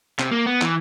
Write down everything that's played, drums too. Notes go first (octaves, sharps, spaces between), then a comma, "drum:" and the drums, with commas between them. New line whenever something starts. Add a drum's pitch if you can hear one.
C3, drum: clap
A#3
B3
E3, drum: clap